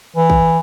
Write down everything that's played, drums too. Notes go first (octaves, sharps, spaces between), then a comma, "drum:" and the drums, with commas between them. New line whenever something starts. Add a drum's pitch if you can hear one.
E3
drum: kick